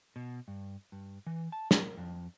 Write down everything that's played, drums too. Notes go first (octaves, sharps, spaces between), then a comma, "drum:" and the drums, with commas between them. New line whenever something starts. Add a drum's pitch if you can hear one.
B2
G2
G2
E3
A5
A#4, drum: snare
F2